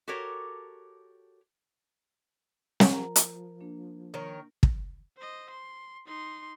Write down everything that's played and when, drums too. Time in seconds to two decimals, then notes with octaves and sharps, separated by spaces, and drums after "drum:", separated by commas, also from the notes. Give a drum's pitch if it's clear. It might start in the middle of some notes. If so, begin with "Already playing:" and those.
0.08 F#4 G4 A4 A#4 C#5
2.80 drum: snare
2.92 F3 A#4 A#5
3.16 drum: hi-hat
3.61 A#3 D4
4.14 D#3 A#4 C#5
4.63 drum: kick
5.17 C5 D#5
5.50 C6
6.07 D#4 C6